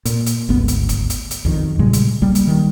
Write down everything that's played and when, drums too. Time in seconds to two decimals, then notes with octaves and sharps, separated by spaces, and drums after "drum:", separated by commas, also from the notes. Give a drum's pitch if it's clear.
0.05 A#2, drum: hi-hat
0.26 drum: hi-hat
0.49 G#1 D2 B3
0.68 drum: hi-hat
0.89 drum: kick, hi-hat
1.10 drum: hi-hat
1.31 drum: hi-hat
1.45 B1 F2 D#3
1.79 A#2 C#3 G3 G#3
1.93 drum: hi-hat
2.21 B1 G3 A#3
2.35 drum: hi-hat
2.47 D#3 E3 G3